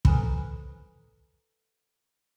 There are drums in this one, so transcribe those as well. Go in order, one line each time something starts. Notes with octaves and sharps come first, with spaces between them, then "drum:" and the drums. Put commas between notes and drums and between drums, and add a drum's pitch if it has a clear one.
A4 B4 C5 G#5 A#5 B5, drum: kick